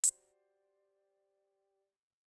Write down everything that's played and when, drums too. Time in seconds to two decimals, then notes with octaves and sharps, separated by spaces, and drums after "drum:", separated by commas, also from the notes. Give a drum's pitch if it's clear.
0.04 F#4 G4 C5 D5, drum: hi-hat